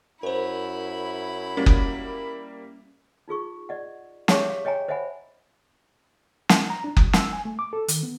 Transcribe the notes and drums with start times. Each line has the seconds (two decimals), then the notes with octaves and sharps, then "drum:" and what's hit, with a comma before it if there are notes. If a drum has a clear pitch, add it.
0.23 F#2 E4 A#4 C5 B5
1.57 G3 A#3 C#4
1.66 drum: kick F#1
3.28 D#4 F4 G#4 C#6
3.69 D5 D#5 F#5
4.28 G4 G#4 C#5 E5 C#6 D6, drum: snare
4.50 F5
4.65 C#5 D#5 G5 G#5 A#5
4.88 C5 D#5 E5 F#5 G#5 B5
6.49 drum: snare
6.70 A#5
6.84 D4
6.97 G3, drum: kick F#1
7.13 E6, drum: snare
7.33 G#5
7.45 A3
7.59 D6
7.73 A4
7.88 D#3, drum: hi-hat
8.03 B3